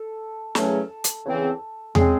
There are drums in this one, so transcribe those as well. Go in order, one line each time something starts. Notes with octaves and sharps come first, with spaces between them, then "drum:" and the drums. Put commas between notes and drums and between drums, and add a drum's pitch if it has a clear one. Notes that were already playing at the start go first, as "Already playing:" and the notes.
Already playing: A4
E2 C#3 F#3 A3 C#4 A4, drum: snare
drum: hi-hat
E2 C#3 E3 C4
C#3 G#3 C4 G#4, drum: tom E2